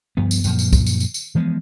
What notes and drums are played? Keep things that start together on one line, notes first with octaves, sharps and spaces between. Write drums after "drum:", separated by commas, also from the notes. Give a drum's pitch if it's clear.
D2 G2 F3 B3
drum: tambourine
F#2 A#2 F3, drum: tambourine
drum: tambourine
drum: kick, tambourine
drum: tambourine
drum: tambourine
drum: tambourine
E3 F3 G#3 B3